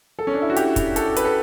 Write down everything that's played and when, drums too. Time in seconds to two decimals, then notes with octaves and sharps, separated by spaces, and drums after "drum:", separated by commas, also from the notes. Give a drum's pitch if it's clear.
0.19 A4
0.27 C#4
0.34 D4
0.42 E4
0.50 F#4
0.56 G4, drum: hi-hat
0.76 drum: kick, hi-hat
0.96 A4, drum: hi-hat
1.16 B4, drum: hi-hat
1.25 A4